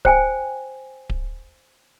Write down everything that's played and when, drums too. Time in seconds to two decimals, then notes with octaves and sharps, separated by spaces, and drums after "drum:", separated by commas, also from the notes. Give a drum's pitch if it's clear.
0.05 C5 G5 G#5, drum: kick D1
1.10 drum: kick D1